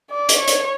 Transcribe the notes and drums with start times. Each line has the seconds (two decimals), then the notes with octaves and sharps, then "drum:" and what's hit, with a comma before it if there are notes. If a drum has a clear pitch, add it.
0.10 D5
0.29 drum: hi-hat
0.38 C#5
0.47 drum: hi-hat